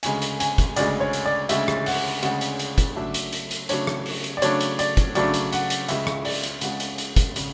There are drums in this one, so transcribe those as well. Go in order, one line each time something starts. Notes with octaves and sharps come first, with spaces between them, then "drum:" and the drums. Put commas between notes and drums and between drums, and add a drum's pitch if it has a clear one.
D2 C#3 G#3 G#5, drum: hi-hat
drum: hi-hat
G#5, drum: hi-hat
drum: kick, hi-hat
D2 C#3 G#3 D5, drum: hi-hat
C#5
drum: hi-hat
D5
D2 C#3 G#3 E5, drum: hi-hat
drum: rim click
F#5, drum: open hi-hat
D2 C#3 G#3 F#5, drum: hi-hat
drum: hi-hat
drum: hi-hat
drum: kick, hi-hat
C#3 F#3 A3 D4 E5
drum: hi-hat
drum: hi-hat
drum: hi-hat
C#3 F#3 A3 D4 C#5, drum: hi-hat
drum: rim click
drum: open hi-hat
drum: hi-hat
D5
C#3 F#3 A3 D4 C#5, drum: hi-hat
drum: hi-hat
D5, drum: hi-hat
drum: kick, hi-hat
C#3 F#3 A3 D4 D5, drum: hi-hat
drum: hi-hat
F#5, drum: hi-hat
drum: hi-hat
C#2 C#3 G#3 E5, drum: hi-hat
drum: rim click
D5, drum: open hi-hat
drum: hi-hat
C#2 C#3 G#3 F#5, drum: hi-hat
drum: hi-hat
drum: hi-hat
drum: kick, hi-hat
C#3, drum: hi-hat